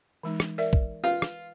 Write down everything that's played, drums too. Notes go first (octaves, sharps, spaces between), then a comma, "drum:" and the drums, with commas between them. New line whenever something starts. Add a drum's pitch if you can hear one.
E3 G#3 D#4
drum: rim click
A#4 D5 E5
drum: kick
F4 B4
drum: rim click